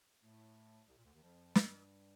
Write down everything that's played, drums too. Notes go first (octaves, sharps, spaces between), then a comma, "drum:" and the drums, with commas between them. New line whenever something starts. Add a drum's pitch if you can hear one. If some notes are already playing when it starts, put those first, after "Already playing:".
A2 A3
C2 C3
A#2
D2 D3
D#2 D#3
F2 F3
G2 G3, drum: snare